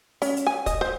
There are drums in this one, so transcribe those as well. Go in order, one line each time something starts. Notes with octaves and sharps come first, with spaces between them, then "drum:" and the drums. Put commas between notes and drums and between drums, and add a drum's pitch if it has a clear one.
C#4, drum: open hi-hat
drum: hi-hat
G#5
D#5, drum: kick, hi-hat
C5